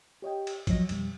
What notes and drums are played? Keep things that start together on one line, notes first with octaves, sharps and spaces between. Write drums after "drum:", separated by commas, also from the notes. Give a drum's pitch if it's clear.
G4 C#5 D#5 G5
drum: cymbal
G#1 F3 F#3 C#5 D#5 A#6, drum: kick, cymbal
F2 B2 G3, drum: cymbal